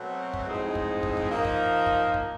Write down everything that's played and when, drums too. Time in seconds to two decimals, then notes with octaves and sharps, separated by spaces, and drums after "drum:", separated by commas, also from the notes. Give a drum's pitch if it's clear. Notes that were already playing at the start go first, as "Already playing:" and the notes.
Already playing: B2 F#3 A3 C4
0.34 drum: kick
0.48 A2 F3 G#3 C4 D#4
0.75 drum: kick
1.03 drum: kick
1.17 drum: kick
1.31 F3 A#3 D#4
1.45 drum: kick
1.86 drum: kick
2.14 drum: kick